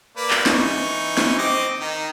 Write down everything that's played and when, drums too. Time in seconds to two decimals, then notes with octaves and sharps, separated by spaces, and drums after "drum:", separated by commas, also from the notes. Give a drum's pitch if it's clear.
0.17 A#3 B4 D5
0.30 drum: clap
0.46 E3 D#4 C#6, drum: snare
1.17 drum: snare
1.38 C4 D#5 D6
1.80 D#3 D#4